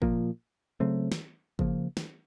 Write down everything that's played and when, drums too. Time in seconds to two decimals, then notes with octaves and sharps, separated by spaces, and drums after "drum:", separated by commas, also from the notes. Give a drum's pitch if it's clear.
0.02 A#2 F3 A#3, drum: kick
0.80 C#3 F#3 A3 C4
1.12 drum: snare
1.59 C#3 F3 A#3, drum: kick
1.97 drum: snare